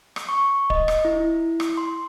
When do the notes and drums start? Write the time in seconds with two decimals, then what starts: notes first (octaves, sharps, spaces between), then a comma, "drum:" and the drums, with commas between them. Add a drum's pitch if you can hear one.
0.16 drum: rim click
0.29 C#6
0.70 D#5, drum: kick D1
0.88 drum: rim click
1.05 E4
1.60 drum: rim click
1.77 C6